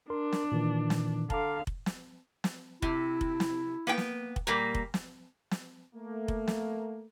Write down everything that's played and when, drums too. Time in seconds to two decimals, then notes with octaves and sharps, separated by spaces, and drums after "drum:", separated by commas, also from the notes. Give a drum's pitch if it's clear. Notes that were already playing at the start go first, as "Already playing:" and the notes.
0.10 D4 A#4 C6
0.33 drum: snare
0.52 A#2 D#3 E3
0.90 drum: snare
1.30 D3 F5 A5 A#5 D6, drum: kick F1
1.67 drum: kick F1
1.86 drum: snare
2.44 drum: snare
2.82 C3 E4, drum: kick F1
3.21 drum: kick F1
3.40 drum: snare
3.87 A#3 B3 G5
3.98 drum: snare
4.36 drum: kick F1
4.47 A#2 G3 A#3 A#5
4.75 drum: kick F1
4.94 drum: snare
5.51 drum: snare
5.95 A3 A#3
6.28 drum: kick F1
6.48 drum: snare